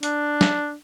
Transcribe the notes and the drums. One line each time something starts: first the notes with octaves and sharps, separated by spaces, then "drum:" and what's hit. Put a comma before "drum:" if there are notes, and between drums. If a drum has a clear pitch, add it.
D4, drum: hi-hat
drum: snare